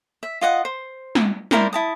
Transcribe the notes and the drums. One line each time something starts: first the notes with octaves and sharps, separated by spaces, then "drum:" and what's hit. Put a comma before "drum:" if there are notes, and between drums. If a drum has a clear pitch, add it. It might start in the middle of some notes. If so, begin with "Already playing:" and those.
E5
F4 D#5 F#5 D#6
C5
drum: snare
E4 A#4 C5 D5, drum: snare
E4 A5 D#6